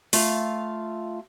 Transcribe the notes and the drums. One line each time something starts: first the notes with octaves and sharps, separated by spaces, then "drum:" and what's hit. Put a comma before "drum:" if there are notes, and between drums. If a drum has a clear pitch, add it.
A3 F4 F5, drum: open hi-hat